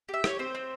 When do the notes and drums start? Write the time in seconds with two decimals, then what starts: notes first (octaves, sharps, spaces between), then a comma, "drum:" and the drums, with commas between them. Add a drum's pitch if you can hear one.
0.09 G4 E5
0.24 G4 C#5, drum: rim click
0.39 C4 C5
0.55 C4